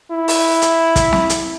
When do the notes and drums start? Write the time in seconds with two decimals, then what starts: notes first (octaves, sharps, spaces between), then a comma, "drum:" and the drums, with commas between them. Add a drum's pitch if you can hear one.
0.11 E4
0.28 drum: open hi-hat
0.62 drum: hi-hat
0.96 drum: kick, hi-hat
1.13 drum: snare
1.30 drum: hi-hat